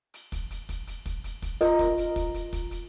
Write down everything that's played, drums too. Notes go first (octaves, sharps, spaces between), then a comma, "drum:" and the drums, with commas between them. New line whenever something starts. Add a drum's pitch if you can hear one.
drum: hi-hat
drum: kick, hi-hat
drum: hi-hat
drum: kick, hi-hat
drum: hi-hat
drum: kick, hi-hat
drum: hi-hat
drum: kick, hi-hat
F4 A#4 D#5, drum: hi-hat
drum: kick, hi-hat
drum: hi-hat
drum: kick, hi-hat
drum: hi-hat
drum: kick, hi-hat
drum: hi-hat